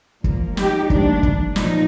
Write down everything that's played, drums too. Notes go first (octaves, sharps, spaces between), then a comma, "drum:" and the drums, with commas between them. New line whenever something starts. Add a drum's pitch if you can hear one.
A#2 F3 A#3, drum: kick
D#4 G4, drum: snare
D2 C3 D#3 G3 A#3 D4, drum: kick
drum: kick
A#2 F3 D#4, drum: snare